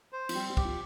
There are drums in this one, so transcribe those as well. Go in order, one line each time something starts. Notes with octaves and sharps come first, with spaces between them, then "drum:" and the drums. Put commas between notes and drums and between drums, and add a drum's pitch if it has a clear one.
C5
F3, drum: cymbal
G3 C4
G3
G4, drum: kick
F3